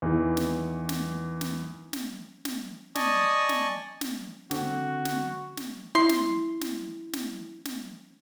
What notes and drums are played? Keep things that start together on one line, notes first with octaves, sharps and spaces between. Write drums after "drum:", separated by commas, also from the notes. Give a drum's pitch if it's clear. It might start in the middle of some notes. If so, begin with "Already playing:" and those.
E2 D#3 E3
drum: snare
drum: snare
drum: snare
drum: snare
drum: snare
D5 D#5 G#5 A5 C#6 D#6, drum: snare
drum: snare
drum: snare
D3 C4 F#4, drum: snare
drum: snare
drum: snare
E4 C6
drum: snare
drum: snare
drum: snare
drum: snare